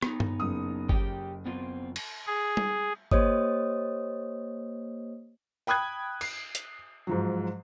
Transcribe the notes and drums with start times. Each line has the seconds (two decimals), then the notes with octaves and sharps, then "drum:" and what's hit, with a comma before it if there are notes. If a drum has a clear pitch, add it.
0.02 B3 D#4, drum: rim click
0.20 drum: tom G2
0.40 F#1 D#6
0.89 G4 D#5 G5, drum: kick G1
1.46 B3 C4 F4
1.96 drum: cymbal
2.27 G#4
2.57 drum: tom
3.11 A#3 G4 C5 C#5 D#5 D#6, drum: kick G1
5.67 G5 B5 D#6 F#6 G#6
6.21 C7, drum: cymbal
6.55 drum: hi-hat
7.07 G#2 F3 F#3